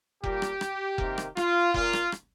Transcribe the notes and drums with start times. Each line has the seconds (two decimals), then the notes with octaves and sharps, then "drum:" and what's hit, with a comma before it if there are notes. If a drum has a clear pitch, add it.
0.24 A#2 G3 A#3 G4, drum: kick F1
0.42 drum: rim click
0.61 drum: rim click
0.98 C3 D#3 A#3, drum: kick F1
1.18 drum: rim click
1.37 F4, drum: rim click
1.74 A#2 A#3 F4, drum: kick F1
1.93 drum: rim click
2.12 drum: rim click